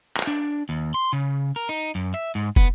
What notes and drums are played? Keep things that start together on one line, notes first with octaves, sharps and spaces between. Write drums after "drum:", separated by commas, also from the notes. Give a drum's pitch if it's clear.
drum: clap
D4
D#2
C6
C#3
A#4
D#4
F#2
E5
G#2
B3, drum: kick